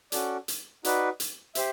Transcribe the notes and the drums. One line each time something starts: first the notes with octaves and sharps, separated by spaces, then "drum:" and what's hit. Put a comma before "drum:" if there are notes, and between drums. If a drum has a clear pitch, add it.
C#4 F#4 A4 D5, drum: hi-hat
drum: hi-hat
D#4 F#4 B4 D5, drum: hi-hat
drum: hi-hat
G4 C5 E5, drum: hi-hat